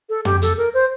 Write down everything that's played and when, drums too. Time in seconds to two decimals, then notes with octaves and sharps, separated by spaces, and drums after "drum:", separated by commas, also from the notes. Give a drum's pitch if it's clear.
0.09 A4
0.25 G4, drum: tom
0.42 A4, drum: hi-hat
0.58 A#4
0.74 C5